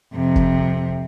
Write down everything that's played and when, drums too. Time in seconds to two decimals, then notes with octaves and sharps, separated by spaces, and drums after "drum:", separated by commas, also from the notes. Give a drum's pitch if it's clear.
0.13 F2 C3
0.36 drum: kick